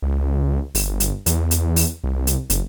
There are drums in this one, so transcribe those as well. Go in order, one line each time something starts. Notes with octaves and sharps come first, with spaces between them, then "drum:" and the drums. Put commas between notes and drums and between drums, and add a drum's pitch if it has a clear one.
C#2
G1, drum: open hi-hat
drum: hi-hat
E2, drum: hi-hat
drum: hi-hat
drum: open hi-hat
C2
drum: hi-hat
F#1, drum: hi-hat